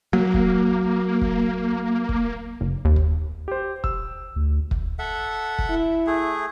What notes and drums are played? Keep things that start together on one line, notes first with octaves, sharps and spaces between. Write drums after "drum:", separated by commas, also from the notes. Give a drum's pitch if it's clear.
F#3 A#3
drum: kick
drum: kick
drum: kick
F#1
D#2
drum: kick
G4 C5
E6, drum: kick
D2
drum: kick
A4 E5 F#5
drum: kick
E4
A3 G#4